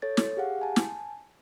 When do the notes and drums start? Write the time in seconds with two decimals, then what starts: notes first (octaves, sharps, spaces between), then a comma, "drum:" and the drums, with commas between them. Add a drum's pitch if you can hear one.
0.02 A4 C#5 A6
0.17 drum: snare
0.37 G4 G#4 F5 F#5
0.61 G#5 A5
0.76 drum: snare